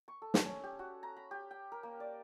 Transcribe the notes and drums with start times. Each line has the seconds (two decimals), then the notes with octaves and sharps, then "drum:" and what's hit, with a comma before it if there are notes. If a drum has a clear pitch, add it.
0.08 C#6
0.22 A4
0.34 drum: snare
0.45 C#4
0.64 G4
0.79 F#4
1.03 A#5
1.17 B5
1.31 G4
1.51 G5
1.72 A#4
1.83 A#3
2.00 D5